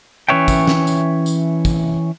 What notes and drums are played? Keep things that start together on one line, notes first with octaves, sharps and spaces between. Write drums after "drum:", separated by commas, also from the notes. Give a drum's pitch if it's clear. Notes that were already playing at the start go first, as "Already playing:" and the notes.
E3 C#4 B4 C#5 E5 G5
drum: kick, tambourine
drum: snare
drum: tambourine
drum: tambourine
drum: kick, tambourine